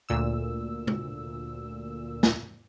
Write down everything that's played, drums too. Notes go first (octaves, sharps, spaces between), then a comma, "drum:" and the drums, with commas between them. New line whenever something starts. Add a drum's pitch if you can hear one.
D2 A#2 E6
drum: tom
drum: snare